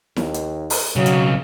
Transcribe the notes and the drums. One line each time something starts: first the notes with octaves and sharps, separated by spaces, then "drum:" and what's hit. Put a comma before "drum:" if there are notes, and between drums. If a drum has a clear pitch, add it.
D#2, drum: snare E4
drum: hi-hat
drum: open hi-hat
B1 C#3 F#3
drum: hi-hat